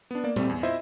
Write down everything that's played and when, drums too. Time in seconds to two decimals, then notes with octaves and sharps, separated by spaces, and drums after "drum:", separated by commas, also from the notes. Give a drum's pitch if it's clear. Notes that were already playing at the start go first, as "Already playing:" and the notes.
0.11 B3 D4
0.24 A#3 D5
0.36 G3 A3 C4, drum: tom
0.49 E2
0.63 E4 F4 C5 D#5 E5